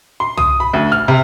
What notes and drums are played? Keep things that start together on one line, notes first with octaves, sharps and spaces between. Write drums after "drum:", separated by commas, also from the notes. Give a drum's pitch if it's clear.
C6
D#6, drum: tom C2
B5
D2
F6
C3